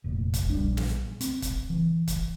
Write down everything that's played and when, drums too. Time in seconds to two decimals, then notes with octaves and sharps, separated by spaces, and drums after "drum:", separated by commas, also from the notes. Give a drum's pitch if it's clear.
0.04 F1 A#2
0.34 drum: kick, hi-hat
0.50 A#1 G3 D4
0.77 drum: snare
1.21 C4, drum: hi-hat
1.42 drum: kick, hi-hat
1.70 E3
2.08 drum: kick, hi-hat